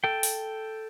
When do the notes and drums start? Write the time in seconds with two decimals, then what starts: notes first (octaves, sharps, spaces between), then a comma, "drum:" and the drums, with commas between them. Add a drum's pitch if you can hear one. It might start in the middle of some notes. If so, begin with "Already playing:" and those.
0.04 A4 G5
0.23 drum: open hi-hat